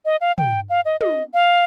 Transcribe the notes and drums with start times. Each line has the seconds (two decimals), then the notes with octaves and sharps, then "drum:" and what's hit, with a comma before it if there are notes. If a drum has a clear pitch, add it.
0.05 D#5
0.21 F5
0.38 G5, drum: tom
0.70 F5
0.85 D#5
1.01 D#5, drum: tom
1.34 F5